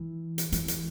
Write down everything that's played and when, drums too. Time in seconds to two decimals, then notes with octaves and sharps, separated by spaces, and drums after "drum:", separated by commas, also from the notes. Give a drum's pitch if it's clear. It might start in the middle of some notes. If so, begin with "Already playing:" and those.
Already playing: E3
0.38 drum: hi-hat
0.52 E3, drum: hi-hat
0.68 drum: hi-hat